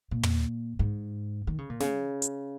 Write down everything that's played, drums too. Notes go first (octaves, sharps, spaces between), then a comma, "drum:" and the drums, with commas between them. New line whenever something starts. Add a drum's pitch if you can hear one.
A#2
drum: tom
G#2
D#3
C#3
A#2
C#3, drum: snare
drum: hi-hat